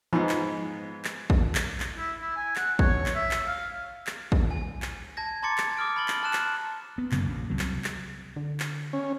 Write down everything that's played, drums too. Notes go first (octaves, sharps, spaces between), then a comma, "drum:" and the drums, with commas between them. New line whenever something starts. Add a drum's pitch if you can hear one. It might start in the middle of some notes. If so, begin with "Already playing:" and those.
G#2 F3 B3 D#4
drum: clap
drum: clap
drum: kick
drum: clap
drum: clap
E4
E4
G#5
F#5, drum: clap
C#5, drum: kick
drum: clap
E5
drum: clap
F5
drum: clap
drum: kick
G#5
drum: clap
A5 G#6 A#6
A5 A#5 C6 D6 A6 C#7
drum: clap
D6 D#6 F6 D7
B5 F6 A6 F#7 G7
drum: clap
A5 F6 F#6 E7
drum: clap
B3
F1 F#2 C#3 A#3, drum: clap
A#1 C#3
C2 C3 F#3
drum: clap
drum: clap
D3
drum: clap
C#4